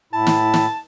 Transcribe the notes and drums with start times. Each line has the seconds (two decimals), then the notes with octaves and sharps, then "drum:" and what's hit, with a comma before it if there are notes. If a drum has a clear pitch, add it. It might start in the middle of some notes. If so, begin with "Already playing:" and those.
0.13 A2 E4 A5
0.27 drum: snare
0.54 drum: snare